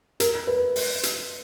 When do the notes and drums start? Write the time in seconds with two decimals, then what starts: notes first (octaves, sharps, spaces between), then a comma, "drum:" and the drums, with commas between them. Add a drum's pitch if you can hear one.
0.20 A#4, drum: hi-hat
0.47 B4
0.76 drum: open hi-hat
1.03 drum: hi-hat